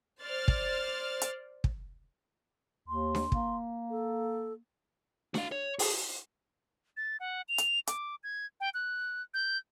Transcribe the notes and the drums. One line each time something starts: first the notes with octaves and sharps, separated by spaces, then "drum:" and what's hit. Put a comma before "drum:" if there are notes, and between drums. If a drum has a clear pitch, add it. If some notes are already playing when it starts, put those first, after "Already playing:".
C5 D5 F6 A6
drum: kick
drum: hi-hat
drum: kick
D#2 C6
drum: snare D4
A#3, drum: kick
A4
F#4 F5, drum: snare D4
C#5
G#4, drum: open hi-hat
A6
F#5
F7
drum: hi-hat
D6, drum: hi-hat
G#6
G5
F#6
G6